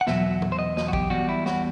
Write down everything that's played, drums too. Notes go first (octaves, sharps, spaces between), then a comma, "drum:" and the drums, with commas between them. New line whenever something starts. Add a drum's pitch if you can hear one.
F#5
E2 B2 F#3 E5, drum: snare
drum: tom
C5
D#5
D#5, drum: snare
F#4
G4, drum: kick A1
E2 B2 G3 F#4
E4
F#4, drum: snare